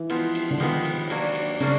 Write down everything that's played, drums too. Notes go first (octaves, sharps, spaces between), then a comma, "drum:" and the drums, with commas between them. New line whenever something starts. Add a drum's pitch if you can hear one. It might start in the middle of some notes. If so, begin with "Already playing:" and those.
Already playing: E3
F3 G#3 B3, drum: cymbal
drum: cymbal
D3
D#3 F3 G#3 B3, drum: cymbal
drum: cymbal
F#3 A#3 D4, drum: cymbal
drum: cymbal
C#3 F#3 A#3 D4, drum: cymbal